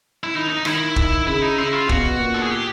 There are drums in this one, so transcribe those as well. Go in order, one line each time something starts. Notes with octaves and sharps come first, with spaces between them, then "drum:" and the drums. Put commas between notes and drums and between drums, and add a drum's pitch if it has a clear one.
E4
D#3 D#4
D#4
D#3 E4, drum: rim click
drum: kick
C#3 E4
D#4
C#3 E4
F4
B2 F#4, drum: kick
A#2
A4
G#4
G4